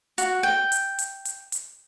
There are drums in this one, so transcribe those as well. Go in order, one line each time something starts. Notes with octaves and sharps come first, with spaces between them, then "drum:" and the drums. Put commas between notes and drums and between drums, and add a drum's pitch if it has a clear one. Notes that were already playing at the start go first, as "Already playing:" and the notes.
F#4, drum: hi-hat
G5
drum: hi-hat
drum: hi-hat
drum: hi-hat
drum: hi-hat